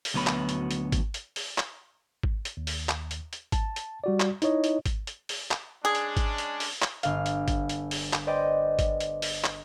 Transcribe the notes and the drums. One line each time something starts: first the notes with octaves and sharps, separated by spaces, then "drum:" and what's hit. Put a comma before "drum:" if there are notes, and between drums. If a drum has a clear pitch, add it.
drum: open hi-hat
D2 F#3 B3 C#5 B5
drum: clap
drum: hi-hat
drum: hi-hat
drum: kick G#1, hi-hat
drum: hi-hat
drum: open hi-hat
drum: clap
drum: kick G#1
drum: hi-hat
D#2
drum: open hi-hat
drum: clap
drum: hi-hat
drum: hi-hat
A5, drum: kick G#1, hi-hat
drum: hi-hat
G3 F#4 D5
drum: clap
D#4 E4 C#5 D#5, drum: hi-hat
drum: hi-hat
drum: kick G#1, hi-hat
drum: hi-hat
drum: open hi-hat
drum: clap
G#3 C#4 D4 G#4
drum: hi-hat
drum: kick G#1, hi-hat
drum: hi-hat
drum: open hi-hat
drum: clap
G1 F5, drum: hi-hat
drum: hi-hat
drum: kick G#1, hi-hat
drum: hi-hat
drum: open hi-hat
drum: clap
B4 C5 D5 D#5 G5
drum: kick G#1, hi-hat
drum: hi-hat
drum: open hi-hat
drum: clap